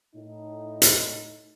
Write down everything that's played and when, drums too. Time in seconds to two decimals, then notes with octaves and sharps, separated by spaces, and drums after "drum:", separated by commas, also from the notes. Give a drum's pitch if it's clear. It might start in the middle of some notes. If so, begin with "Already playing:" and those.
0.15 A2 D#4
0.82 drum: hi-hat